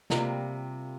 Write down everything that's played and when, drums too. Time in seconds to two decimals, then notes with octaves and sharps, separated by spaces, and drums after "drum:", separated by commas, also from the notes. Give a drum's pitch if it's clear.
0.10 C3 G3 A#3 F4 A#4, drum: snare